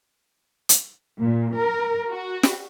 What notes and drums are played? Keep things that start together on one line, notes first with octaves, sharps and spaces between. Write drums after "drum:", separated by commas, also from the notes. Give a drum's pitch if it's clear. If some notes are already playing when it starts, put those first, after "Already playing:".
drum: hi-hat
A#2
A#4
F#4
drum: snare